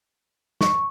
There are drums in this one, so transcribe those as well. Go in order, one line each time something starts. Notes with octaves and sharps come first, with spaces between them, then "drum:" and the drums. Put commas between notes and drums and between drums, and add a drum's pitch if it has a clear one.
C#6, drum: snare